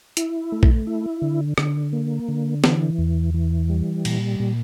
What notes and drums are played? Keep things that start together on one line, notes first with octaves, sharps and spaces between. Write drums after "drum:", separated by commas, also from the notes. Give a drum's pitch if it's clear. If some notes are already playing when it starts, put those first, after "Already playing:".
E4, drum: hi-hat
A3
drum: kick A#1
E4
D3
D3, drum: rim click
A#3
D3
E3, drum: snare
E2
E3
G3
A#2, drum: cymbal
A#2